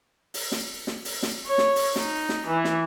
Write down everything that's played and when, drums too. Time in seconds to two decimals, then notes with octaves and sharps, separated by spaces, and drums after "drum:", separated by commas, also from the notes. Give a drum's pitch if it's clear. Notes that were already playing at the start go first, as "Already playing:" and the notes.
0.34 drum: open hi-hat
0.52 drum: snare
0.87 drum: snare
1.05 drum: open hi-hat
1.23 drum: snare
1.47 C#5
1.58 drum: snare
1.76 drum: open hi-hat
1.96 D#4, drum: snare
2.29 drum: snare
2.47 E3
2.64 drum: snare